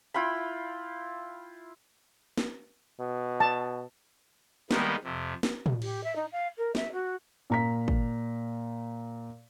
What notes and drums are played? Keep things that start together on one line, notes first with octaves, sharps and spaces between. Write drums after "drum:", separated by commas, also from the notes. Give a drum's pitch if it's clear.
E4 F4 G5 B5
drum: snare
B2
A5
D#3 G3 G#3 A#3 B3 D#4, drum: snare
F2 C3
drum: snare
drum: tom
G4, drum: cymbal
E5
D#4
F5
A#4
E5, drum: snare
F#4
A#2 A#5 B6
drum: kick